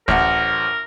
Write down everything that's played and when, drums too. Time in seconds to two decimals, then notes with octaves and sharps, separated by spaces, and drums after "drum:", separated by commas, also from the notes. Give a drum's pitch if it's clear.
0.08 A1 F#3 A#4 C5 F#5, drum: kick